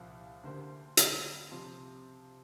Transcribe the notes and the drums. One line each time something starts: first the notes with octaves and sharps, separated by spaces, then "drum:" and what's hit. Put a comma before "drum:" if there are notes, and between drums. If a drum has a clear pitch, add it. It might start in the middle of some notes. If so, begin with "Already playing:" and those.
Already playing: C2 A#2 F3
D2 D3 A#3 G4 C5
D3 G3 C4, drum: hi-hat
C3 F3 C4 F4